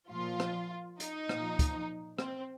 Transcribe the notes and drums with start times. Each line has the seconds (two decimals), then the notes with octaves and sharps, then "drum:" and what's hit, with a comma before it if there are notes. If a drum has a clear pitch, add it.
0.10 A#2 F3 F4
0.40 drum: rim click
1.00 D#4, drum: hi-hat
1.29 A#2 F3, drum: rim click
1.59 drum: kick, hi-hat
2.19 C4, drum: rim click